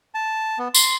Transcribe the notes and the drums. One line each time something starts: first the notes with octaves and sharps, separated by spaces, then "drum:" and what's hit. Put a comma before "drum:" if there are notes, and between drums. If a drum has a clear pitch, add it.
A5
B3
C6, drum: tambourine